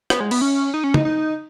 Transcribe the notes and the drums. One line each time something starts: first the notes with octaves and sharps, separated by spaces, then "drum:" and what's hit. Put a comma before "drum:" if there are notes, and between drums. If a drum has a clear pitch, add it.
B3, drum: rim click
G#3
B3, drum: cymbal
C#4
D#4
C#4
D#4, drum: tom
D#4